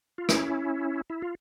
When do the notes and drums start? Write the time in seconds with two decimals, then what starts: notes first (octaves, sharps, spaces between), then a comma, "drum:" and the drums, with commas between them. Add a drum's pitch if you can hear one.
0.18 F4
0.29 C#4 E4, drum: rim click
1.10 E4
1.22 F4